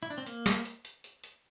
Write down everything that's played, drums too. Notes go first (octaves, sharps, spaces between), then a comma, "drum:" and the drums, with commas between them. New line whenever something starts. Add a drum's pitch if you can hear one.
E4
D4
C4
A#3, drum: hi-hat
drum: snare
drum: hi-hat
drum: hi-hat
drum: hi-hat
drum: hi-hat